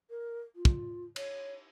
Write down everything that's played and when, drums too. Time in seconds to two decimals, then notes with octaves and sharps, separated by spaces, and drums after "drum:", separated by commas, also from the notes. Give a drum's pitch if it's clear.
0.10 A#4
0.56 F4
0.65 drum: kick
1.16 C#5, drum: cymbal